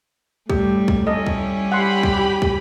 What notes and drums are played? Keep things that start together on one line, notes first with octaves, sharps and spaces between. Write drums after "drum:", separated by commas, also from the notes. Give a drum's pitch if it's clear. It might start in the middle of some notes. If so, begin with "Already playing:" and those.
A2 G3 G4, drum: kick
drum: kick
G3 C#4 E4 A4 D#5
drum: kick
G4 F#5 B5 C6
drum: kick
drum: kick